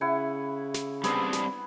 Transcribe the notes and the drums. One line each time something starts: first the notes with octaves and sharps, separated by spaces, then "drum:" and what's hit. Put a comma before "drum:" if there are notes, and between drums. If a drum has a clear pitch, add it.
C#3 E4 F#5 G#5
drum: snare
G3 B3 C4 D4 G#5 E6, drum: snare
drum: snare